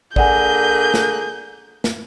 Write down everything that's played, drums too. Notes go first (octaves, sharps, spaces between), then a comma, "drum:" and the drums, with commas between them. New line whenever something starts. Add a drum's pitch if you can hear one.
D3 A#3 G#4 D5 F#5 G#5 G6, drum: kick
drum: snare
drum: snare